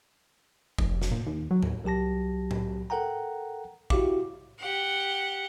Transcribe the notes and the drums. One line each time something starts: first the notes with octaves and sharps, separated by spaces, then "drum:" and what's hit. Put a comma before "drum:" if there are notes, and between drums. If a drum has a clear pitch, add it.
F1, drum: kick
drum: snare
A#2
D#2
F#3
D#2, drum: tom A2
C2 F#3 G4 A5 A#6
drum: tom A2
A4 A#4 F#5 G5 A#5
E4 F#4 G4 F5 D6, drum: kick
G4 F#5